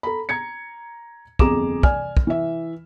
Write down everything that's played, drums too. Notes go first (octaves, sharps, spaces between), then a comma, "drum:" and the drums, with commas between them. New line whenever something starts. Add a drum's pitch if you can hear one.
A4 A#5 B5
A#5 G#6 C#7
G1 F2 G#4 A#5 D6 E7, drum: kick
D5 G#5 F6, drum: kick
drum: kick
E3 E5